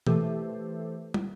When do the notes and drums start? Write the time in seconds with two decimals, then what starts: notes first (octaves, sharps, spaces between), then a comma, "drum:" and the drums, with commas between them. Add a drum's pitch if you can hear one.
0.07 E3 A3 G4 A4 C5, drum: tom B2
1.14 drum: tom